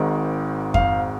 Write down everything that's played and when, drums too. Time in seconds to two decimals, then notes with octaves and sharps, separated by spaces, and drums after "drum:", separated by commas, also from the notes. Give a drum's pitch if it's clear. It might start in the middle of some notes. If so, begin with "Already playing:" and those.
Already playing: G#1 G#2 D#3
0.74 F5, drum: kick F2